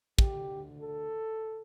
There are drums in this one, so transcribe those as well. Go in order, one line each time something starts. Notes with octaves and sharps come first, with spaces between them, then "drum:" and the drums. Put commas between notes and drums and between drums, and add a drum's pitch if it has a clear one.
D2 D3 G4, drum: kick
A4